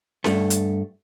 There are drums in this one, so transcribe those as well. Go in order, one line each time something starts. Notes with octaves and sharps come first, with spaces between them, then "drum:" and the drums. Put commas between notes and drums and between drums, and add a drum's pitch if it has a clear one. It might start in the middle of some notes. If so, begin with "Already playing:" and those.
G2 A3, drum: snare C#4
drum: hi-hat